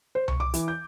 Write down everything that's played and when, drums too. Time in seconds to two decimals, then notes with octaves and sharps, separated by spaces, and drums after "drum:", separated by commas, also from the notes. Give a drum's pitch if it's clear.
0.15 C5
0.28 C#6, drum: tom C2
0.40 D6
0.54 E3, drum: hi-hat
0.68 G6